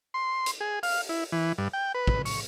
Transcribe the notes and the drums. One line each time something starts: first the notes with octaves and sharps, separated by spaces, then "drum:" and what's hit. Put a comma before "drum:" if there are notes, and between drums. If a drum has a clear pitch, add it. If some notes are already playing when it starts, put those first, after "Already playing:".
C6
drum: hi-hat
G#4
F5, drum: open hi-hat
E4
E3
G2
G5
B4
drum: kick
C#6, drum: open hi-hat